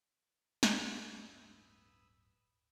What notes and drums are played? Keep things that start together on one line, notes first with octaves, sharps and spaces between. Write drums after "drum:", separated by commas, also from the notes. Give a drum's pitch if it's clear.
drum: snare
D1 G1 F#3 B4 D#6 E6